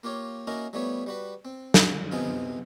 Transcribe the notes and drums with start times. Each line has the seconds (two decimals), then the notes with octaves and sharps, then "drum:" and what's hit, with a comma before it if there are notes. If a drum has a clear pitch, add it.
0.03 A#3 F4 G4 C#5
0.47 A#3 C#4 D#4 E4 F#4 A#4
0.73 F3 G3 A3 B3 E4 C#5
1.06 G3 F#4 B4
1.45 C4
1.74 drum: snare
2.11 C3 B3 C4 D#4 F4 G#5